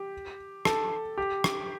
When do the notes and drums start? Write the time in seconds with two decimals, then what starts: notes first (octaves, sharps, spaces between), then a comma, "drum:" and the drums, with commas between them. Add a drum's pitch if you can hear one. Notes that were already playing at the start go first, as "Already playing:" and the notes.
Already playing: G4
0.65 A4, drum: rim click
1.18 G4
1.44 drum: rim click